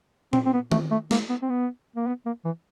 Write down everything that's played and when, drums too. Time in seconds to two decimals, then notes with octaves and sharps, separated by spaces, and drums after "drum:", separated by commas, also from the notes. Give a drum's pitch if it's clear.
0.33 C4, drum: tom A#2
0.46 C4
0.53 B3
0.72 A3, drum: tom D#3
0.91 A3
1.11 A#3, drum: snare
1.29 B3
1.42 C4
1.50 B3
1.96 A#3
2.07 B3
2.26 A#3
2.45 E3